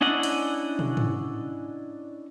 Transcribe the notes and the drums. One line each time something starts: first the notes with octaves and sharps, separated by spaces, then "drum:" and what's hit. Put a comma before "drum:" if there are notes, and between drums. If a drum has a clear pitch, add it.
C#4 D4 E4 D#5 F#5
drum: hi-hat
drum: tom
drum: tom G#2